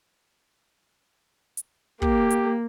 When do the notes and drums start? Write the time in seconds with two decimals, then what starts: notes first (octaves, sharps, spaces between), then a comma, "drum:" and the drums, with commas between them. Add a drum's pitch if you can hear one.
1.57 drum: hi-hat
2.02 A#3 G4, drum: kick
2.30 drum: hi-hat